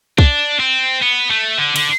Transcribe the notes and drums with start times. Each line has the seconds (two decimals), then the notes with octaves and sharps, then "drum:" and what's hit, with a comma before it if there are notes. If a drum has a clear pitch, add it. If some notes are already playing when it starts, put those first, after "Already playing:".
0.18 D4, drum: kick
0.60 C4
1.02 B3
1.30 A3
1.58 D3
1.76 D3, drum: cymbal